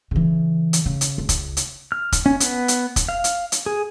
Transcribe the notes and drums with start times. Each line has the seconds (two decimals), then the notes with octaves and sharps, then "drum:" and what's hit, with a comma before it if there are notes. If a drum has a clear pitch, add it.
0.11 C#3 E3
0.73 drum: hi-hat
0.86 C#3
1.01 drum: hi-hat
1.18 C#2
1.29 drum: kick, hi-hat
1.57 drum: hi-hat
1.92 F6
2.12 drum: kick, hi-hat
2.26 C#4
2.40 B3, drum: hi-hat
2.68 drum: hi-hat
2.96 drum: kick, hi-hat
3.08 F5
3.24 drum: hi-hat
3.52 drum: hi-hat
3.66 G#4